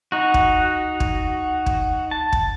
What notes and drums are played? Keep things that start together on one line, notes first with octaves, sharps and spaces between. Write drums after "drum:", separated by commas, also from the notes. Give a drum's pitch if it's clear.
D#4 F#4
drum: kick
drum: kick
drum: kick
A5
drum: kick